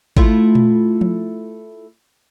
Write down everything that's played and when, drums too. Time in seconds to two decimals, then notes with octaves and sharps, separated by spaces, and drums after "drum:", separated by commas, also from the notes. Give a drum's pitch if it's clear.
0.17 A3 E4 F4, drum: kick G#1
0.55 drum: tom A#2
1.01 drum: tom F3